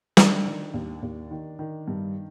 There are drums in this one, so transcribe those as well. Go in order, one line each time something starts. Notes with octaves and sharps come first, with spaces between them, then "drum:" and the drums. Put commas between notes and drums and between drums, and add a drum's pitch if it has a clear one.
D#3 D4, drum: snare
D#3
D#2
D#2
D#3
D#3
G2